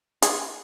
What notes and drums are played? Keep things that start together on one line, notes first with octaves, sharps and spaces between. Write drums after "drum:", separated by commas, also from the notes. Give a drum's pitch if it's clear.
G#4, drum: hi-hat